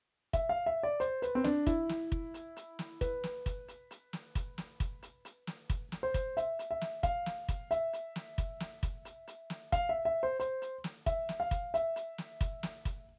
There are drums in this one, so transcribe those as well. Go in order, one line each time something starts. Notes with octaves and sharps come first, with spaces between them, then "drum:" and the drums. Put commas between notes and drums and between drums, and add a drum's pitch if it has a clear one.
E5, drum: kick, hi-hat
F5
E5
D5
C5, drum: hi-hat
B4, drum: hi-hat
C4
D4, drum: snare
E4, drum: kick, hi-hat
drum: snare
drum: kick
drum: hi-hat
drum: hi-hat
drum: snare
B4, drum: kick, hi-hat
drum: snare
drum: kick, hi-hat
drum: hi-hat
drum: hi-hat
drum: snare
drum: kick, hi-hat
drum: snare
drum: kick, hi-hat
drum: hi-hat
drum: hi-hat
drum: snare
drum: kick, hi-hat
drum: snare
C5
drum: kick, hi-hat
E5, drum: hi-hat
drum: hi-hat
E5
drum: snare
F5, drum: kick, hi-hat
drum: snare
drum: kick, hi-hat
E5, drum: hi-hat
drum: hi-hat
drum: snare
drum: kick, hi-hat
drum: snare
drum: kick, hi-hat
drum: hi-hat
drum: hi-hat
drum: snare
F5, drum: kick, hi-hat
E5
E5
C5
C5, drum: hi-hat
drum: hi-hat
drum: snare
E5, drum: kick, hi-hat
drum: snare
F5
drum: kick, hi-hat
E5, drum: hi-hat
drum: hi-hat
drum: snare
drum: kick, hi-hat
drum: snare
drum: kick, hi-hat